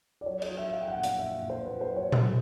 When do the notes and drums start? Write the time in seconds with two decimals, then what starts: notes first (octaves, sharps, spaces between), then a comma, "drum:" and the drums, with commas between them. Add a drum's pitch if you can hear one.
0.21 D5
0.26 F#3 C#5
0.42 D#5, drum: cymbal
0.50 F#3
0.57 E5
0.73 F#3 F5
0.81 G5
0.88 F#5
0.96 A#2
1.03 F5, drum: hi-hat
1.18 A#2 E5
1.42 A#2
1.50 C5
1.65 A#2 B4
1.81 C5
1.88 F#3
1.96 C#5
2.12 F#3, drum: tom A#2